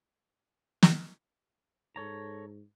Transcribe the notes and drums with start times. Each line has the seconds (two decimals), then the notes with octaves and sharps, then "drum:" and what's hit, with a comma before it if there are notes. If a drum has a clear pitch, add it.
0.83 drum: snare
1.96 G#2 A4 C#5 A#5